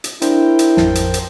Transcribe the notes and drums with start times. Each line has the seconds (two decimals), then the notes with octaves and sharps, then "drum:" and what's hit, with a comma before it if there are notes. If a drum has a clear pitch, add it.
0.04 drum: hi-hat
0.22 D4 E4 A#4 C5 G5, drum: hi-hat
0.59 drum: hi-hat
0.77 A1 F2 A5, drum: snare
0.95 drum: hi-hat
1.14 drum: hi-hat